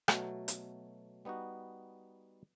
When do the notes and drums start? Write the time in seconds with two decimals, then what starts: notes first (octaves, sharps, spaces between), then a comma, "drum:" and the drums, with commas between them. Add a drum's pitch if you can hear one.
0.08 B2 F#3 A3, drum: rim click
0.48 drum: hi-hat
1.25 G3 B3 D#4 F#4